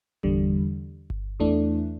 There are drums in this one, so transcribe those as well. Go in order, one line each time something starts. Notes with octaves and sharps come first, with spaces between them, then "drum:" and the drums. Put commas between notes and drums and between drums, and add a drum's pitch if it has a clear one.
E2 D3 G3, drum: kick G1
drum: kick G1
E2 E3 A3 D4